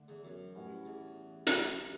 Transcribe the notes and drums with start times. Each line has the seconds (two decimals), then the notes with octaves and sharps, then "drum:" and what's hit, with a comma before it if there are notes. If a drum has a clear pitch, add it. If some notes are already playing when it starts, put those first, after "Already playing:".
Already playing: D3 A3 D4
0.08 E2
0.24 F#2
0.55 A2 G3 C#4 F#4 B4
0.85 E2
1.47 F#2, drum: hi-hat
1.78 E3 G3 B3